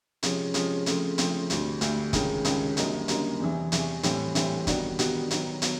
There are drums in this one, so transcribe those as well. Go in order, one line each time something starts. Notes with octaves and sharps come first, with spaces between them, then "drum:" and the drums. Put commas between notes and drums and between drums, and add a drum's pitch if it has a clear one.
C3 F3 G#3 C#4, drum: hi-hat
C3 F3 G#3 C#4, drum: hi-hat
C#3 F3 A3 C4, drum: hi-hat
C#3 F3 A3 C4, drum: hi-hat
D2 D3 G3, drum: hi-hat
D2 D3 G3, drum: hi-hat
C#2 C3 D#3 G#3 C#4, drum: kick, hi-hat
C#2 C3 D#3 G#3 C#4, drum: hi-hat
F#2 D3 G3 A#3 D#4, drum: hi-hat
F#2 D3 G3 A#3 D#4, drum: hi-hat
E2 C3 E3
E2 C3 E3, drum: hi-hat
A2 E3 G3 C4, drum: hi-hat
A2 E3 G3 C4, drum: hi-hat
D#3 G3 B3 D4 F#4, drum: kick, hi-hat
D#3 G3 B3 D4 F#4, drum: hi-hat
D#3 F#3 B3, drum: hi-hat
F#3 B3, drum: hi-hat